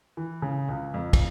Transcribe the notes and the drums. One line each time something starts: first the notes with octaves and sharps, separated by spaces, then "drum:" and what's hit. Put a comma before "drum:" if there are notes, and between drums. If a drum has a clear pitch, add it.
E3
C#3
C#2
F2
drum: kick, cymbal